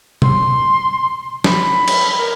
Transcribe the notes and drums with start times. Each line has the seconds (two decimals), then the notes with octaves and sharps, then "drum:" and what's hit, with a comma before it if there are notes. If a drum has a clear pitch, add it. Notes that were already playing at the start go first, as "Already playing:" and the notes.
0.22 C6, drum: tom B2
1.44 B5, drum: snare
1.88 drum: cymbal
2.18 A#4